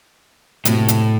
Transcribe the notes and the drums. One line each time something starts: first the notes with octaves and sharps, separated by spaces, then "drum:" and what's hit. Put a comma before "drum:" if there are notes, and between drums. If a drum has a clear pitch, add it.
F#1 A2 C3 F#4, drum: hi-hat
drum: hi-hat